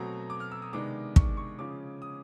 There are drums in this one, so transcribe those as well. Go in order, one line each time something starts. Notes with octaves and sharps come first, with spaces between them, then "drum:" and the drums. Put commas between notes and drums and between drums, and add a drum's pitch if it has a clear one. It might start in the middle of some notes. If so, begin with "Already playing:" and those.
Already playing: B2 F#3 A3 C4 A#5
D6
F6
E6
D#6
C3 D#3 G#3 B3 D4 D6
C#6, drum: kick
C#6
C#3 F3 G#3 C#4 D6
D#6